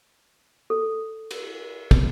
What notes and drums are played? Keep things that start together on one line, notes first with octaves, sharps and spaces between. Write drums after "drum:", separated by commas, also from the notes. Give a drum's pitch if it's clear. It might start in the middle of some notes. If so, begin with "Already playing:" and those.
A4
drum: cymbal
drum: kick, cymbal